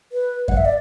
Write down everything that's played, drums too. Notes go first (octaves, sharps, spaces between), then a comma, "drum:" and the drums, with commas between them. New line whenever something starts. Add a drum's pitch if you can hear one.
B4
F#5, drum: kick F#2
E5
D5